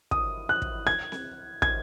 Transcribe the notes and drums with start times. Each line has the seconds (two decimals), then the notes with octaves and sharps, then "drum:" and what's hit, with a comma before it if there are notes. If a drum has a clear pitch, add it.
0.11 D#6, drum: kick
0.49 F#6
0.62 drum: kick
0.87 G#6
1.12 drum: snare C4
1.62 G#6, drum: kick